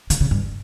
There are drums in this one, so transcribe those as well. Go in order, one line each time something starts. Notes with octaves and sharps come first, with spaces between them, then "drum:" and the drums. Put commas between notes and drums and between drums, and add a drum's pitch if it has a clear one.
D3, drum: hi-hat
C#3
G2